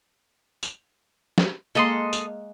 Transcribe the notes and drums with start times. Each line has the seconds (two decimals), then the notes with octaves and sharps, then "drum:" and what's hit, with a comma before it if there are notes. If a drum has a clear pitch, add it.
0.63 drum: tambourine
1.38 drum: snare
1.75 G#3 A#3 A4 D#5 F#5 C6
2.13 drum: tambourine